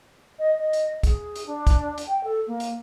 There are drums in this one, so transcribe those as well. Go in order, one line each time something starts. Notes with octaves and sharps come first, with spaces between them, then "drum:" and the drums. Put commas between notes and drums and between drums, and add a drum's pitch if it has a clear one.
D#5
D#5
drum: hi-hat
G#4, drum: kick, hi-hat
drum: hi-hat
D4
drum: kick, hi-hat
drum: hi-hat
G5
A4
A#3
drum: hi-hat